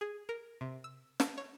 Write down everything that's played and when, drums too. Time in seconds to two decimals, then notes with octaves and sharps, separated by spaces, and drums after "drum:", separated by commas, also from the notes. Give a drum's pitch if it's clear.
0.01 G#4
0.29 A#4
0.61 C3
0.84 E6
1.20 A5, drum: snare
1.38 C#5